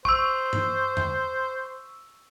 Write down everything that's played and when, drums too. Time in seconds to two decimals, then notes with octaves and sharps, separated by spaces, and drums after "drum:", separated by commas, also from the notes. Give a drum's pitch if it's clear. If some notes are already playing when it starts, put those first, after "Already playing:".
0.05 C5 C#6 E6, drum: kick A#1
0.53 drum: tom G2
0.97 drum: tom F2